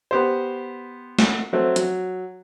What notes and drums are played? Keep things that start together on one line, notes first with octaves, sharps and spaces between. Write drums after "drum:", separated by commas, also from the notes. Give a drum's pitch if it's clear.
B3 G4 C5
drum: snare
F#3 A3 C4
F#3, drum: hi-hat